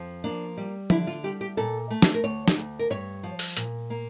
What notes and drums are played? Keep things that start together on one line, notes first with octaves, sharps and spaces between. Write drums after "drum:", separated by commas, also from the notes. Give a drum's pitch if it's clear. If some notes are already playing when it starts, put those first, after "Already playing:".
Already playing: F2 F3
A#3 D4
G3
D3 E4, drum: tom F3
F4
G3 G4
G4
A#2 A4
A3
drum: snare
A#4
D2 C#5
drum: snare
D2
A#4
G2 C#5
F3
drum: open hi-hat
A#2, drum: hi-hat
A#3